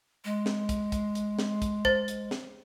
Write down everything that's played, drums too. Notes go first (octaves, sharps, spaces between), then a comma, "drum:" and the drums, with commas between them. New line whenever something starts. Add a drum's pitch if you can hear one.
G#3
drum: snare
drum: kick, hi-hat
drum: kick, hi-hat
drum: hi-hat
drum: snare
drum: kick, hi-hat
C5 A6, drum: kick
drum: hi-hat
drum: snare